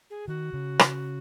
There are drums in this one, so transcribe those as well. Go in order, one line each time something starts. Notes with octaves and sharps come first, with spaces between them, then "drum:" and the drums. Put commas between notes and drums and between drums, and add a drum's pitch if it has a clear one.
G#4
D#3 F#4
C#3
drum: rim click